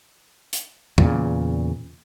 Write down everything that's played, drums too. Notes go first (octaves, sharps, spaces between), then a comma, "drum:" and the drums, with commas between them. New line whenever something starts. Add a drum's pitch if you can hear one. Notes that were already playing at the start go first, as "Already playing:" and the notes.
drum: hi-hat
E2 A#2 C#3, drum: tom E2